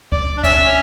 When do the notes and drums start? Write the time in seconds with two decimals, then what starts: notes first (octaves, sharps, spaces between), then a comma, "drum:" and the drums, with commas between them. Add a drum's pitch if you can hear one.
0.12 D5, drum: kick C#2
0.37 D4
0.44 C#4 E5, drum: kick C#2, cymbal
0.60 C#4